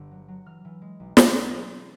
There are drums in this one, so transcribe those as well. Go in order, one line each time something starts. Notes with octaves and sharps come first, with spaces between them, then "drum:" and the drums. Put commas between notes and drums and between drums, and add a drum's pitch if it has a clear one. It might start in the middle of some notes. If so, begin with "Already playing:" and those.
Already playing: G1
F#3
F#3
E3 F6
E3
G#3
B1
B1, drum: snare